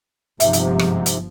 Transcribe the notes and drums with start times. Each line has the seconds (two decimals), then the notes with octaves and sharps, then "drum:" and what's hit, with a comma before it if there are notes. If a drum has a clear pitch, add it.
0.40 G1 G#2 C3 F3 E5, drum: hi-hat
0.53 drum: hi-hat
0.79 drum: rim click
1.06 drum: hi-hat